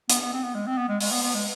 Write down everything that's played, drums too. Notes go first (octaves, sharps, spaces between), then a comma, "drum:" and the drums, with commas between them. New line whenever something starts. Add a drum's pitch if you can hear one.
B3, drum: hi-hat
B3
C4
B3
G#3
C4
B3
G#3
G#3, drum: open hi-hat
B3
B3
G#3